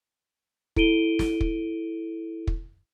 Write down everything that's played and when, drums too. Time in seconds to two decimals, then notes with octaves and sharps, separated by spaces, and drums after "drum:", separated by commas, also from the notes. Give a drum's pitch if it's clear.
0.76 E4 A4 D7 D#7 G7, drum: kick
1.19 drum: snare
1.41 drum: kick
2.47 drum: kick